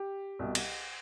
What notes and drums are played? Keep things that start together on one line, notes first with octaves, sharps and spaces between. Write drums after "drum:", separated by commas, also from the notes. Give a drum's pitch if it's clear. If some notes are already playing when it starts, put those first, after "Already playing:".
Already playing: G4
C2 B2
drum: cymbal